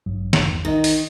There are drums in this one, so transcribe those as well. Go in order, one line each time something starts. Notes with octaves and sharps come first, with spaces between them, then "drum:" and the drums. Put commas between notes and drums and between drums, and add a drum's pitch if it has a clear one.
A1 G2 F#3
drum: snare
E2
A#1 D#3 D#5
drum: open hi-hat